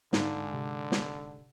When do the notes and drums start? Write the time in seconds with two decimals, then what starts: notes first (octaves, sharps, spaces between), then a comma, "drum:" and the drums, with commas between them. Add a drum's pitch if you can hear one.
0.13 G#2 D3 D4 D#4 F4, drum: snare
0.54 C3
0.92 drum: snare